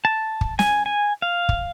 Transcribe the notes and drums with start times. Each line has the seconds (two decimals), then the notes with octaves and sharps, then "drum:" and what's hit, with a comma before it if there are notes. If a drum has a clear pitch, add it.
0.05 A5
0.41 drum: kick
0.59 G#5, drum: snare
0.86 G#5
1.22 F5
1.49 drum: kick